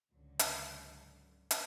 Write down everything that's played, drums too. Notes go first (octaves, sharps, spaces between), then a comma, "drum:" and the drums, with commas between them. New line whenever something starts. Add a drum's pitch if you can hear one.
C#2 G#2 D3 F#3
drum: hi-hat
drum: hi-hat